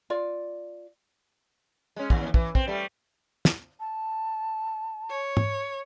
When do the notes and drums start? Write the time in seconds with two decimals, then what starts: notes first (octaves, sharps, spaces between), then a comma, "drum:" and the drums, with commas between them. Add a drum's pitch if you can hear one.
0.10 F4 D5
1.96 G#3 C#4
2.10 D#2, drum: kick
2.34 E3, drum: kick
2.55 C4, drum: kick
2.68 G3 A3
3.45 drum: snare
3.80 A5
5.10 C#5
5.37 drum: tom